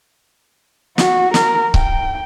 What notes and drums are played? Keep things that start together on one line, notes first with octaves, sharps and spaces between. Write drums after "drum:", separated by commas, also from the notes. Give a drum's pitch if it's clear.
F#4, drum: snare
A#4, drum: snare
G5, drum: kick C#1